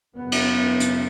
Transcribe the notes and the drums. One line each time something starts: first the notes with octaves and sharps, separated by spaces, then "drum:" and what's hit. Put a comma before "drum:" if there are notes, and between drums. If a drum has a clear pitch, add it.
F#2 C#3 B3
drum: cymbal
drum: hi-hat